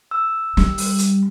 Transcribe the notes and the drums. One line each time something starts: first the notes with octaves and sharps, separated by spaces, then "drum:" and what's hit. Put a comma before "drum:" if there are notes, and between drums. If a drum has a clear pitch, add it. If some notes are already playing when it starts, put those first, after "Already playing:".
E6
G3, drum: snare
drum: open hi-hat
drum: hi-hat